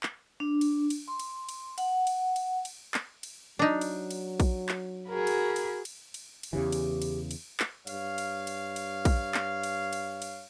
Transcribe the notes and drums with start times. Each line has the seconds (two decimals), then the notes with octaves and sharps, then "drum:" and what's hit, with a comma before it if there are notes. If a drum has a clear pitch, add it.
0.03 drum: clap
0.40 D4
0.61 drum: cymbal
0.90 drum: cymbal
1.08 C6
1.19 drum: cymbal
1.49 drum: cymbal
1.78 F#5, drum: cymbal
2.07 drum: cymbal
2.36 drum: cymbal
2.65 drum: cymbal
2.94 drum: clap
3.23 drum: cymbal
3.59 F#3 D4 D#4
3.81 drum: cymbal
4.11 drum: cymbal
4.40 drum: kick A#1, cymbal
4.69 drum: clap
5.09 F#4 G#4 A#4 B5
5.27 drum: cymbal
5.56 drum: cymbal
5.85 drum: cymbal
6.14 drum: cymbal
6.43 drum: cymbal
6.53 E2 C#3 E3 G4
6.72 drum: cymbal
7.02 drum: cymbal
7.31 drum: cymbal
7.60 drum: clap
7.87 G2 C#5 F5, drum: cymbal
8.18 drum: cymbal
8.47 drum: cymbal
8.76 drum: cymbal
9.05 drum: kick A#1, cymbal
9.34 drum: clap
9.63 drum: cymbal
9.93 drum: cymbal
10.22 drum: cymbal